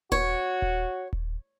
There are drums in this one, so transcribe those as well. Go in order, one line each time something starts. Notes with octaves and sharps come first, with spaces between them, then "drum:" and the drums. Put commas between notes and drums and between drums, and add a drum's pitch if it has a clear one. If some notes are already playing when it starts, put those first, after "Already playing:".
F#4 C#5, drum: kick D#1
drum: kick D#1
drum: kick D#1